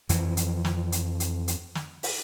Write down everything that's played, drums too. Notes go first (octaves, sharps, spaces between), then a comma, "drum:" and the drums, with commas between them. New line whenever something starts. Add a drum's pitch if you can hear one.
F2 E3 F3, drum: hi-hat
drum: hi-hat
drum: snare
drum: hi-hat
drum: hi-hat
drum: hi-hat
drum: snare
drum: open hi-hat